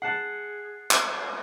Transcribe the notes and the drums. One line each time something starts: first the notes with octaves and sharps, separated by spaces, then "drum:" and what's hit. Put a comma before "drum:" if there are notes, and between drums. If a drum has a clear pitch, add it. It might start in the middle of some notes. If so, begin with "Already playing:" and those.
G#4 F#5 A5 F#6 C7
drum: clap